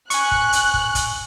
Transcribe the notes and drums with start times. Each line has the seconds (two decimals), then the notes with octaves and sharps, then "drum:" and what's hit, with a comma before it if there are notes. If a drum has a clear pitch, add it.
0.10 G#5 C#6 F#6, drum: hi-hat
0.31 drum: kick
0.53 drum: hi-hat
0.74 drum: kick
0.95 drum: kick, hi-hat